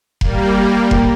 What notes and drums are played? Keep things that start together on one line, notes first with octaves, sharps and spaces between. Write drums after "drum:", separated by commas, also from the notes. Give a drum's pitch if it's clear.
G3 A#3, drum: kick F1
drum: kick F1